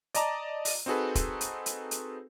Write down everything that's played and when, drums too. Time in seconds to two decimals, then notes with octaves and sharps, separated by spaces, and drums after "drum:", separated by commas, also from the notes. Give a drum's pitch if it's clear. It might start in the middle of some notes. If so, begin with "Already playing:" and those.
0.14 D5 D#5 A5 A#5 D6, drum: hi-hat
0.65 drum: open hi-hat
0.86 C4 D#4 F#4 G#4 A4 B4
1.15 drum: kick, hi-hat
1.41 drum: hi-hat
1.66 drum: hi-hat
1.91 drum: hi-hat